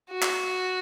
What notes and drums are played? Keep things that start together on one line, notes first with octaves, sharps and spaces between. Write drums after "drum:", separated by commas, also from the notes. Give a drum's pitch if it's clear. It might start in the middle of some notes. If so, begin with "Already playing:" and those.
F#4
drum: clap